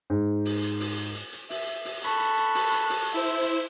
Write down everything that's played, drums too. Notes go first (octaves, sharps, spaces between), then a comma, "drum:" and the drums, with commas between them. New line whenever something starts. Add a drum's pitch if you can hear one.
G#2
drum: open hi-hat
drum: hi-hat
drum: open hi-hat
drum: hi-hat
drum: hi-hat
E5, drum: open hi-hat
drum: open hi-hat
A4 B5 C#6 F#6, drum: hi-hat
drum: hi-hat
drum: hi-hat
drum: open hi-hat
drum: hi-hat
drum: open hi-hat
E4 C5 E6
drum: hi-hat
drum: hi-hat